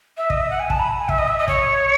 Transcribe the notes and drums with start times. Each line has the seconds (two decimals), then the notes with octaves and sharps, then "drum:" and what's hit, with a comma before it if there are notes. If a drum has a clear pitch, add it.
0.17 E5
0.30 D#5, drum: kick
0.40 E5
0.50 F#5
0.60 G#5
0.70 A5, drum: kick
0.79 B5
0.99 G#5
1.09 E5, drum: kick
1.18 D#5
1.28 E5
1.39 D#5
1.48 C#5, drum: kick